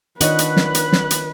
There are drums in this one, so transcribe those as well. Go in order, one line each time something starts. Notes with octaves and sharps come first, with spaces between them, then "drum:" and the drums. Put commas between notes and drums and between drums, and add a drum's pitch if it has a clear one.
D#3 D4 F4 B4 C#5 D#5 F#5 F#6, drum: hi-hat
drum: hi-hat
drum: snare
drum: hi-hat
drum: snare
drum: hi-hat